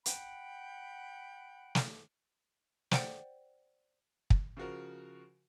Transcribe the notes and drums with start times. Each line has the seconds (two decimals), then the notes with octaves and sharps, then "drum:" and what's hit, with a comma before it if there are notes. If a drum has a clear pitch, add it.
0.06 F#5 G5 B5, drum: hi-hat
1.75 drum: snare
2.91 C5 D5 F#5 G5, drum: snare
4.30 drum: kick
4.57 C#3 F3 F#4 A#4